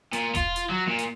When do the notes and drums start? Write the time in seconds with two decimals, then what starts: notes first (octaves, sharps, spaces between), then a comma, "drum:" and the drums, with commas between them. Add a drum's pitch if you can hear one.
0.13 A#2, drum: hi-hat
0.35 F4, drum: kick E1, hi-hat
0.56 drum: hi-hat
0.70 F#3
0.87 A#2
0.99 drum: hi-hat